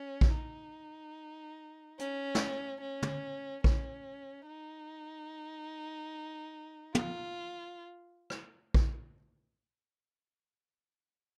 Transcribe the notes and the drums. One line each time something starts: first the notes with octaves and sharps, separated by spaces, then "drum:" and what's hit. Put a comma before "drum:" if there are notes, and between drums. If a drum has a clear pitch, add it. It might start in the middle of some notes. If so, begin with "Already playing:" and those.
Already playing: C#4
drum: kick A#1
D#4
C#4, drum: hi-hat
drum: snare
C#4
drum: tom
C#4, drum: kick A#1
D#4
F4, drum: tom
drum: rim click
drum: kick A#1